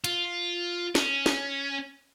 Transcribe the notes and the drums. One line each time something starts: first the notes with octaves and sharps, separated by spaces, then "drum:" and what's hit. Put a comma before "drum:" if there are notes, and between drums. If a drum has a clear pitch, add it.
F4, drum: hi-hat
C#4, drum: snare
drum: snare